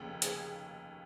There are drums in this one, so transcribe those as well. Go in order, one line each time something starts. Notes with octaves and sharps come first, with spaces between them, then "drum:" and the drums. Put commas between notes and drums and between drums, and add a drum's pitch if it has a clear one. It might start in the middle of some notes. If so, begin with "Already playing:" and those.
Already playing: F1 D#2 C#3
G#4, drum: hi-hat